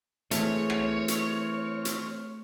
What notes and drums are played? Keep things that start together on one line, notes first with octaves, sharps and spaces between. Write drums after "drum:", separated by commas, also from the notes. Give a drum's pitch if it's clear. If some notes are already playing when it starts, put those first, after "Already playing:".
E3 A3 C4 G#4 C#5 C#6 F6, drum: hi-hat
drum: rim click
drum: hi-hat
drum: hi-hat